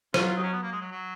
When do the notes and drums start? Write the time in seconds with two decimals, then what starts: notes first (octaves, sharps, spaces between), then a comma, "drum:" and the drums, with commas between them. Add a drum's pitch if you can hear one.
0.14 F#3 F4, drum: rim click
0.37 D#4
0.43 C#4
0.53 B3
0.63 A#3
0.72 G#3
0.81 F#3
0.91 F#3